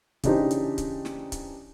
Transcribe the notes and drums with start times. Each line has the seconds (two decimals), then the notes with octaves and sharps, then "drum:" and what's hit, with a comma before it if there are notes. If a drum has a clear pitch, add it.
0.23 C#3 E3 D4 D#4 G4 C5, drum: kick C#1, hi-hat
0.51 drum: hi-hat
0.78 drum: kick C#1, hi-hat
1.05 drum: snare
1.32 drum: kick C#1, hi-hat